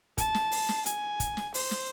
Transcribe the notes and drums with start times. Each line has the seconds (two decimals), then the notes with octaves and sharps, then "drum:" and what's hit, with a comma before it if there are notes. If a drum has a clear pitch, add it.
0.18 A5, drum: kick, hi-hat
0.34 drum: snare
0.52 drum: open hi-hat
0.69 drum: snare
0.86 G#5, drum: hi-hat
1.20 drum: kick, hi-hat
1.37 drum: snare
1.54 C5, drum: open hi-hat
1.71 drum: snare